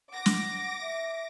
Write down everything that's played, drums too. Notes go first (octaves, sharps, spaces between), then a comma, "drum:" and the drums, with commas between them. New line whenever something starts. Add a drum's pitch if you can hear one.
F#5 D6 A#6
drum: snare
E5